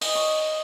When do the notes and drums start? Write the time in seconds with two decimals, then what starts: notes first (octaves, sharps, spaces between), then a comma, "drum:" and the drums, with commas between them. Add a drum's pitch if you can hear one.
0.01 D#5, drum: open hi-hat
0.15 C#5